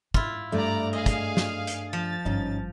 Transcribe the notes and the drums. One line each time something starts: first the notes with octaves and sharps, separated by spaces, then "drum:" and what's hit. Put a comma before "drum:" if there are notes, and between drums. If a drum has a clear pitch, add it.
G#2 E4 F4, drum: kick
G2 A3 D5 A#5
G#4 D#5 F5
drum: kick, hi-hat
drum: snare
drum: hi-hat
F3 A6
G#1 G2 C#4 D#4